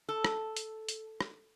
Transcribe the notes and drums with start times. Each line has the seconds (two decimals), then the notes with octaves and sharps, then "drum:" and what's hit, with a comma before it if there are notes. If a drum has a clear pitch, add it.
0.09 A4
0.25 drum: rim click
0.57 drum: hi-hat
0.89 drum: hi-hat
1.21 drum: rim click